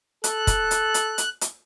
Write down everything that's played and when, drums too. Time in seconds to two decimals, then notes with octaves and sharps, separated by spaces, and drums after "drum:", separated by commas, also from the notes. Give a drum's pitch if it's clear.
0.24 A4 F#6, drum: hi-hat
0.47 drum: kick, hi-hat
0.71 drum: hi-hat
0.94 drum: hi-hat
1.18 drum: hi-hat
1.41 drum: hi-hat